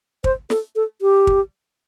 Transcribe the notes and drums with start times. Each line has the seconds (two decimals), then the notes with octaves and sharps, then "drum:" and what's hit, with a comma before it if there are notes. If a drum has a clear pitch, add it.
0.24 C5, drum: kick
0.50 A4, drum: snare
0.76 A4
1.02 G4
1.27 drum: kick